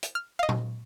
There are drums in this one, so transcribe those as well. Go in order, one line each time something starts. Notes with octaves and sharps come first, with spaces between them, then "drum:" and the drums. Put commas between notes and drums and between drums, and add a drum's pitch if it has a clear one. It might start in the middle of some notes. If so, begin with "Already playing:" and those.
drum: hi-hat
F6
D#5 F5
drum: tom A#2